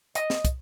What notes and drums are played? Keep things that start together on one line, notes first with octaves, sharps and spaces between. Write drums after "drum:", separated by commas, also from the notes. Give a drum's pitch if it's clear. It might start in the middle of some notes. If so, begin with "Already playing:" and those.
D#5, drum: hi-hat
drum: snare
drum: kick, hi-hat